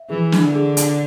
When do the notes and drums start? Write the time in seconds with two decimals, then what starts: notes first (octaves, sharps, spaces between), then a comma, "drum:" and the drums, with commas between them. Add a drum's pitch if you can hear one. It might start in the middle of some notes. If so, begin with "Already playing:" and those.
Already playing: E5
0.09 E3 G#4
0.32 D4, drum: snare
0.44 D3
0.55 G#4
0.77 D4, drum: hi-hat